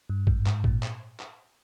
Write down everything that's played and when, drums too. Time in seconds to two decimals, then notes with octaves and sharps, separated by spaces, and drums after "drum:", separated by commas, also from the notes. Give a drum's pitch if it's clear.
0.10 G2
0.27 G#2, drum: kick
0.46 G#2, drum: clap
0.64 A#2, drum: kick
0.83 drum: clap
1.20 drum: clap